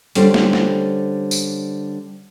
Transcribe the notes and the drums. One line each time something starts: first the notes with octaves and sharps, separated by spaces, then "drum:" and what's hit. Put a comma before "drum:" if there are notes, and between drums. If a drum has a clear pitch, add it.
D3 G3 C#4 A4 C5, drum: hi-hat
drum: snare
drum: snare
drum: tambourine